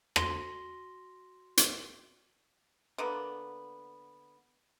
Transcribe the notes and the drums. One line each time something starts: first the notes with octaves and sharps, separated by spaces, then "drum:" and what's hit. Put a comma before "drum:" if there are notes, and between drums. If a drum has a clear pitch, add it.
F#4 C6 A#6 G7, drum: rim click
drum: hi-hat
D3 A#3 B3